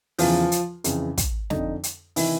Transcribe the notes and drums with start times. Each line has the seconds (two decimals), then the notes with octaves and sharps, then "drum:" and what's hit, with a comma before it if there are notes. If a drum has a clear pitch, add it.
0.18 E2 C#3 E3 F3 F4, drum: open hi-hat
0.52 drum: hi-hat
0.84 F2 C#3 E3, drum: hi-hat
1.18 drum: kick, hi-hat
1.50 F2 D3 D#4, drum: snare
1.83 drum: hi-hat
2.16 C3 D#3 E3 E4, drum: open hi-hat